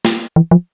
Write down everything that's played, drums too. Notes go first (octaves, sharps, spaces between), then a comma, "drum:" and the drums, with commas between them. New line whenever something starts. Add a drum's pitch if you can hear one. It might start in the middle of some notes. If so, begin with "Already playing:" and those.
drum: snare
E3
F3